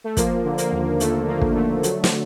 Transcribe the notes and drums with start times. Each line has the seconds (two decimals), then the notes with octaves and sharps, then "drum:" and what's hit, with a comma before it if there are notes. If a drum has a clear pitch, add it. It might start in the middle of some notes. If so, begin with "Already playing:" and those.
0.04 A3
0.17 F3 A#3, drum: kick, hi-hat
0.44 D3
0.58 A#3, drum: hi-hat
0.72 D#2
1.00 D#2 A3, drum: hi-hat
1.28 F3 A#3
1.41 drum: kick
1.55 D3 A3
1.83 F#3, drum: hi-hat
2.04 drum: snare